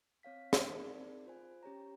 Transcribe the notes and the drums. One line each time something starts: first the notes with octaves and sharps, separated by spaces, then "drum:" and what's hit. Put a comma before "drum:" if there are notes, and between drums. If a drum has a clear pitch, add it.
C4 C#5 F5 B6
drum: snare
C4 D#4 G#4 A#4 D5
F4 C5 G#5
C#4 G4 C#5 A#5